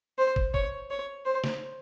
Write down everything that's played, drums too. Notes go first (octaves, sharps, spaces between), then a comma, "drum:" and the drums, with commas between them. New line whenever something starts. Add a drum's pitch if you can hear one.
C5
drum: kick
C#5, drum: kick
C#5
C5
drum: snare